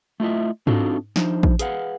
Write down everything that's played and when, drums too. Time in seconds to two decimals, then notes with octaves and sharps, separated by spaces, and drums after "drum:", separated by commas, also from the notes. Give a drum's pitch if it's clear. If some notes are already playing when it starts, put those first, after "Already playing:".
0.20 A3 E4 F4 D#5 E5
0.67 C4 D4 D#4 F4 F#4 A4, drum: tom G#2
1.16 F3 D4 D#4 C5, drum: snare
1.43 drum: kick
1.59 G#4 B4 F5 F#5, drum: hi-hat